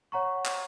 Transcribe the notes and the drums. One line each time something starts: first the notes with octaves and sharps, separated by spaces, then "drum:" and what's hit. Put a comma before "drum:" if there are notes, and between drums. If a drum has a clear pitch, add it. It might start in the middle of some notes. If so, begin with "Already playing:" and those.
C#5 F#5 A#5 C#6
drum: clap